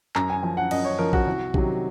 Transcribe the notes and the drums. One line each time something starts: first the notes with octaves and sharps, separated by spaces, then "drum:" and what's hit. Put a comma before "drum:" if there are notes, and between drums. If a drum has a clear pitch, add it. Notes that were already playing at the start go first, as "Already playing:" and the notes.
F#2 A#5, drum: clap
G#5
F3 G#5
F#5
F#2 D#5, drum: cymbal
C#5
F3 A#4
F#4, drum: kick A#1
C2
C3 D#3 F#3, drum: kick A#1